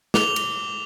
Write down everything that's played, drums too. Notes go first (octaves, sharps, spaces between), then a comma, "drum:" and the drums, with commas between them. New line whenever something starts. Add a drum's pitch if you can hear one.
D6 F7 G7, drum: snare
drum: cymbal